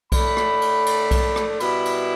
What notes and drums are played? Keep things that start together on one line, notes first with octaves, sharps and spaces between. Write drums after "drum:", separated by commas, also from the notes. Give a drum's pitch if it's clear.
A2 A3 D4 B5, drum: kick B1, cymbal
drum: rim click
drum: cymbal
drum: cymbal
drum: kick B1, cymbal
drum: rim click
B2 G3 E4 B5, drum: cymbal
drum: cymbal